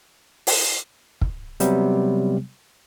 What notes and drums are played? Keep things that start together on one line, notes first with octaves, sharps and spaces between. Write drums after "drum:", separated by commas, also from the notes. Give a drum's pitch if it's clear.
drum: open hi-hat
drum: kick
C3 F#3 G3 B3, drum: hi-hat